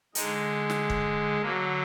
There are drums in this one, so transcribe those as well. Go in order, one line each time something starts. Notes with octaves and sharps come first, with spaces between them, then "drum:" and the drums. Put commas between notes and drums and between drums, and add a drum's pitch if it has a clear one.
D3 G#3 D#4, drum: hi-hat
drum: snare
drum: kick
D3 F#3 A#3